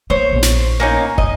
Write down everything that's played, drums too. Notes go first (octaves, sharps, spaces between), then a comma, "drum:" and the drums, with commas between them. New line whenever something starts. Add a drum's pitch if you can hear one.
A#3 C5 C#5
A#1 B3
drum: snare
A#3 C#4 D#4
D#5, drum: kick